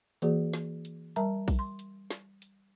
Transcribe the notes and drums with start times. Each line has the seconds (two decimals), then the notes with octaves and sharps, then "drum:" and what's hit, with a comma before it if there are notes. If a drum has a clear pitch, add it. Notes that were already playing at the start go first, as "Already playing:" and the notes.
0.22 E3 A#3 F#4 G#4 D5, drum: hi-hat
0.53 drum: snare
0.85 drum: hi-hat
1.16 G3 A#4 E5 A5 A#5, drum: hi-hat
1.48 drum: kick A#1, open hi-hat
1.59 C6
1.79 drum: hi-hat
2.11 drum: snare
2.42 drum: hi-hat